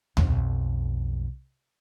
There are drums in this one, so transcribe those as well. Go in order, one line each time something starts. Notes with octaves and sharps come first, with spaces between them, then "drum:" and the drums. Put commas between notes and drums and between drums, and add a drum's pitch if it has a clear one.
B1 F2, drum: tom D2